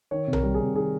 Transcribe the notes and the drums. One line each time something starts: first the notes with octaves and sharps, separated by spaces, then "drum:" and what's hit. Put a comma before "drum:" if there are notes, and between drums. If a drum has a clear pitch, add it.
D#3 C#5
C3
A#4, drum: tom B1
G3
G#4
C3
D#3 G#4